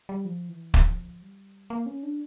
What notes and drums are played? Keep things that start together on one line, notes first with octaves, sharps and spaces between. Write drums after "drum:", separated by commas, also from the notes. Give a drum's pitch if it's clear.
G3
F3
E3
F3, drum: kick
G3
A#3
C#4
D4